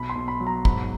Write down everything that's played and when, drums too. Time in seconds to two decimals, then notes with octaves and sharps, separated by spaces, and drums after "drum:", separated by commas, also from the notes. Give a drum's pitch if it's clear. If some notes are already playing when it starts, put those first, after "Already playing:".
Already playing: B1 B5
0.10 C6
0.15 B1
0.28 B5
0.40 F#3
0.47 A#5
0.65 G#2 B5, drum: kick